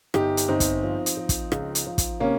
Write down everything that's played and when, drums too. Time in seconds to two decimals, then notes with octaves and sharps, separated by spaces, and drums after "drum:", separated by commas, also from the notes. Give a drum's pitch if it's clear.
0.14 G1 D#4 G4, drum: rim click
0.37 drum: hi-hat
0.48 G1 C4 D#4
0.60 drum: kick, hi-hat
0.84 F3
1.06 drum: hi-hat
1.17 F3
1.29 drum: kick, hi-hat
1.52 C#2, drum: rim click
1.75 drum: hi-hat
1.87 F3
1.98 drum: kick, hi-hat
2.20 C3 A#3 C#4